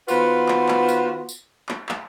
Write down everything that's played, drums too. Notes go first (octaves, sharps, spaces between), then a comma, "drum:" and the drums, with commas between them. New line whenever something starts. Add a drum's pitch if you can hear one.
D#3 B3 F4 F#4 B4 C5, drum: tambourine
drum: clap
drum: clap
drum: tambourine
drum: tambourine
drum: clap
drum: clap